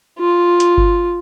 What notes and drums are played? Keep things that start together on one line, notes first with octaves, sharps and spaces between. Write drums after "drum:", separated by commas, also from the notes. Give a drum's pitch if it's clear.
F4
drum: hi-hat
drum: kick G1